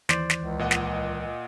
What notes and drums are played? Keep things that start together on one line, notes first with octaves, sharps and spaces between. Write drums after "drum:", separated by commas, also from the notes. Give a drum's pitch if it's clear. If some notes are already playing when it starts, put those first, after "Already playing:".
D#2 E3 C5 D5, drum: snare
drum: snare
C#2
A#2 D#5 F#5
drum: snare